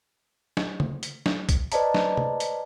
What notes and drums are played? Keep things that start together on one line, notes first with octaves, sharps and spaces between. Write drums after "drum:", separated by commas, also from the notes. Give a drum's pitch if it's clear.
drum: snare
drum: tom C#3
drum: hi-hat
drum: snare
drum: kick B1, hi-hat
B4 C5 D5 D#5 A5 A#5, drum: hi-hat
drum: snare
drum: tom C3
drum: hi-hat